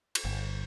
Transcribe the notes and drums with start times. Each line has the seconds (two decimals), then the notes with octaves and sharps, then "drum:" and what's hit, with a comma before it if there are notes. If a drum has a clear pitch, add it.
0.15 drum: cymbal
0.25 G1